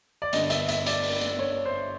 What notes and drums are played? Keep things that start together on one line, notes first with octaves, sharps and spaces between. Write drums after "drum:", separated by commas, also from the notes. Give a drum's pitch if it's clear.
D5
G1 G2 D3 D#5, drum: hi-hat
E5, drum: hi-hat
E5, drum: hi-hat
D5, drum: hi-hat
drum: open hi-hat
drum: hi-hat
C#5
C5